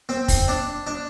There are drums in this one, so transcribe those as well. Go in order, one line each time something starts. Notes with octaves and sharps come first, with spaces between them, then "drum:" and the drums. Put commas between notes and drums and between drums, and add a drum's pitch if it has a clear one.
C4
drum: kick, open hi-hat
D4
D4